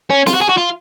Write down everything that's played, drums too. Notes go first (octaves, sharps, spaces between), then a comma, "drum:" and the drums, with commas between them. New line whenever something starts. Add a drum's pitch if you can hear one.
C#4
F4, drum: snare
F#4
G#4
F#4
F4